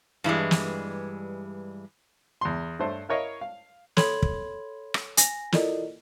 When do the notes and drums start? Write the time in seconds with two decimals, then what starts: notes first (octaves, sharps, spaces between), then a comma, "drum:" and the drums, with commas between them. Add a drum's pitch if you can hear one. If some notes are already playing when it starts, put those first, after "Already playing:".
0.24 G2 E3 G3 G#3
0.51 drum: snare
2.41 E2 C6
2.79 G2 A3 C5 C#5
3.09 E4 A#4 C#5 D#5 F5
3.41 F5
3.97 A4 C#5 B5 C6 G#6 F#7, drum: snare
4.22 drum: kick
4.94 drum: rim click
5.17 G#5 A#6, drum: hi-hat
5.52 E4 F4 A4 A#4 D5 D#5, drum: snare